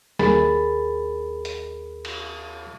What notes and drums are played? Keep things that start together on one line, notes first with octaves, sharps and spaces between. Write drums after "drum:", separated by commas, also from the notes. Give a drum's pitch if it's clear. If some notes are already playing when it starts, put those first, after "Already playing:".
D#2 G#4 A#4 B5 A6, drum: snare
drum: hi-hat
drum: cymbal